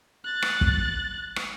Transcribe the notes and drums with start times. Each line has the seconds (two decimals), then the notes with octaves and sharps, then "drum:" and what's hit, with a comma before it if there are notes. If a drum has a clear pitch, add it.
0.24 F#6 A6
0.42 drum: rim click
0.61 drum: kick
1.36 drum: rim click